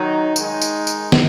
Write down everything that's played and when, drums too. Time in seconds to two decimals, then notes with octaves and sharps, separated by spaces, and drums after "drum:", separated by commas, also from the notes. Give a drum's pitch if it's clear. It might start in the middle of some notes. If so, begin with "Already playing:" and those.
Already playing: D#3 F#3 D#4
0.36 D#3 G#3 D#4, drum: tambourine
0.62 drum: tambourine
0.87 drum: tambourine
1.12 drum: snare